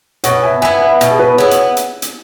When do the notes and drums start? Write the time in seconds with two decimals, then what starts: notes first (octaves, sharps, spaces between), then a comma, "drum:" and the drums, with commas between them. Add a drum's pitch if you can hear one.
0.24 B2 C#5 F#5, drum: hi-hat
0.43 E5 G#5
0.62 B3 E4 E5 G#5
0.81 B4 E5
1.01 B2, drum: hi-hat
1.11 G#4
1.19 F#4 B4
1.38 B3 E4 G#4 C#5
1.51 drum: hi-hat
1.77 drum: hi-hat
2.02 drum: hi-hat